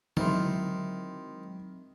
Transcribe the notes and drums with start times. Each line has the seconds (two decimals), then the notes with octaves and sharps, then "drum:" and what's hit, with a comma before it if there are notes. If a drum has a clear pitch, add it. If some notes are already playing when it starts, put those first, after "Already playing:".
0.17 D#3 F#3 G#3 C4 E4 C6, drum: tom D3